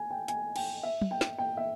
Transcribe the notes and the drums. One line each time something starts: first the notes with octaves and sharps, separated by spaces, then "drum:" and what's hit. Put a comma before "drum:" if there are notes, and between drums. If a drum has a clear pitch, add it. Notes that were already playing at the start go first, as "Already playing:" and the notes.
Already playing: G#5
G5
G#5, drum: hi-hat
G5, drum: cymbal
E5
drum: tom
G5
drum: snare
G5
E5